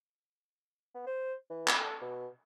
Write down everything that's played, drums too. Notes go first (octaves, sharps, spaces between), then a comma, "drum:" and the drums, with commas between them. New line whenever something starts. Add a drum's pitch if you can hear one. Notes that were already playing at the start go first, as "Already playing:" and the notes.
B3
C5
E3
drum: clap
A4
B2